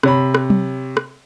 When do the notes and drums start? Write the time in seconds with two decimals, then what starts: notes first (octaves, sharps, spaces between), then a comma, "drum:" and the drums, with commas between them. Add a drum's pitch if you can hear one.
0.03 C3 C#5 B5, drum: rim click
0.34 drum: rim click
0.50 drum: tom F#3
0.97 drum: rim click